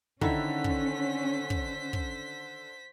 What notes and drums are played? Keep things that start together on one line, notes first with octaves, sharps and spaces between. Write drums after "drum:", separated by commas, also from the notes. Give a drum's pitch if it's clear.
D3 D#3 C#4 E4 C5 B6, drum: kick
drum: kick
drum: kick
drum: kick